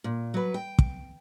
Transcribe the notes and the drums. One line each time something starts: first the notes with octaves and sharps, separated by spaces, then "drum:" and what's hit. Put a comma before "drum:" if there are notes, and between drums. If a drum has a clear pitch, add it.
A#2
F#3 B4
G5
drum: kick